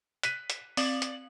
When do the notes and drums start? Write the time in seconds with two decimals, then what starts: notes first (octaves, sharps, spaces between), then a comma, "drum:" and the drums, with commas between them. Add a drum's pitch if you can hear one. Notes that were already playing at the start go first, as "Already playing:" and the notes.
0.23 F#6 B6 D#7, drum: hi-hat
0.50 drum: hi-hat
0.77 C4 D5 F#7, drum: open hi-hat
1.02 drum: hi-hat